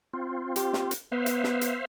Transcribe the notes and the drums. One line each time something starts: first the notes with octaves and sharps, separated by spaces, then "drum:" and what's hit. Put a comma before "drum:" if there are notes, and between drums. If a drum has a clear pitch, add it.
C4 F4
G4, drum: hi-hat
drum: snare
drum: hi-hat
B3 C5 E5 F5
drum: hi-hat
drum: snare
drum: hi-hat